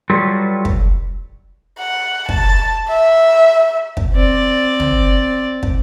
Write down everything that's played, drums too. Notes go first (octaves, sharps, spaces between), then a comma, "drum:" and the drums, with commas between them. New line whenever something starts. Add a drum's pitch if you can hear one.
F#3 G3 F4 F#4 A4 B4
drum: kick
F#5
A5, drum: kick
E5
drum: kick
C4 D5
drum: tom
drum: kick